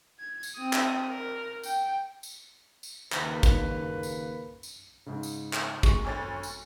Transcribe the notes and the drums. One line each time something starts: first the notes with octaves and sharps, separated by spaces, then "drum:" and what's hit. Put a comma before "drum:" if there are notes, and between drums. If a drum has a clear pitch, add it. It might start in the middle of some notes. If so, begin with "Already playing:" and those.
G#6
drum: tambourine
C4 D#6
drum: clap
A#4
G5, drum: tambourine
drum: tambourine
drum: tambourine
D#2 C#3 A#3 B4, drum: clap
drum: kick, tambourine
drum: tambourine
drum: tambourine
G#2 C#3
drum: tambourine
drum: clap
G#3 C#6, drum: kick, tambourine
D2 C#5 A6
drum: tambourine